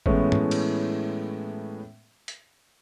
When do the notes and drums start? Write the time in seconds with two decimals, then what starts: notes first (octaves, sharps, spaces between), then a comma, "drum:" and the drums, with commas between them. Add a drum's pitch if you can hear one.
0.06 A2 E3 G#3 A3 B3 C#4, drum: kick
0.32 drum: tom
0.51 drum: cymbal
2.28 drum: hi-hat